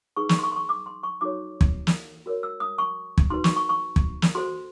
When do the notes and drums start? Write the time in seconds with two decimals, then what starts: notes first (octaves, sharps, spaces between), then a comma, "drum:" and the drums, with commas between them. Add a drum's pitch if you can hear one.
0.16 D#4 G#4 B4 C#6
0.29 C#6, drum: snare
0.39 C6
0.43 C#6
0.52 C6
0.56 C#6
0.69 D6
0.86 C6
1.03 C#6
1.21 D#4 F#4 A4 C#5 D6
1.61 drum: kick
1.87 drum: snare
2.26 F#4 A#4 C#5
2.43 E6
2.60 D#6
2.78 C#6
3.18 drum: kick
3.30 D#4 F#4 B4 C6
3.44 C#6, drum: snare
3.56 C#6
3.69 C#6
3.96 drum: kick
4.22 drum: snare
4.35 F#4 A4 C5 C6